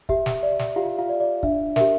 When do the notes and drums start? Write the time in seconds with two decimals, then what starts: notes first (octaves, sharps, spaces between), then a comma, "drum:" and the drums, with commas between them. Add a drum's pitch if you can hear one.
0.09 G4 E5, drum: kick
0.26 drum: snare
0.43 D5
0.59 drum: snare
0.76 F4 G4 F5
0.98 F4 F5
1.09 D5
1.20 D5
1.43 D4 E5, drum: kick
1.76 G4 A#4 E5, drum: snare